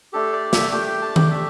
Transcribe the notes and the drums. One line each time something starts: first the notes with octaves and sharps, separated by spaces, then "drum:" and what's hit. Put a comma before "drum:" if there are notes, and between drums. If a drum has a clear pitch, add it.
A3 D4 G4 A4
D5
E5, drum: snare
A3 D4 G4 G5
G5
A5
G5, drum: tom D#3
A3 D4 G4 E5